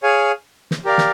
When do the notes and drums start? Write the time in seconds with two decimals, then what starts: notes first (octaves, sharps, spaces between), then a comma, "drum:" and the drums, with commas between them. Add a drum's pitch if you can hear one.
0.03 G#4 C#5 F5 G#5
0.71 drum: snare
0.85 G4 A#4 D5 F5
0.98 drum: snare